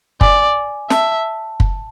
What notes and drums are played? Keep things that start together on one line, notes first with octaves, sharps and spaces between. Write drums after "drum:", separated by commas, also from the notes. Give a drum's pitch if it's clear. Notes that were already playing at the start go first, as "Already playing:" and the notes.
D5 G#5, drum: kick
E5 A5, drum: snare
drum: kick